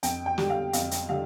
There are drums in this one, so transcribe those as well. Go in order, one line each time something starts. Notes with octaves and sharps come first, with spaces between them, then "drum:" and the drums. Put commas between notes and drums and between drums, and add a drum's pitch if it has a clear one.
F2 G5, drum: hi-hat
G5
D3 G3, drum: snare
F5
F2 F5, drum: hi-hat
drum: hi-hat
D3 G3 F5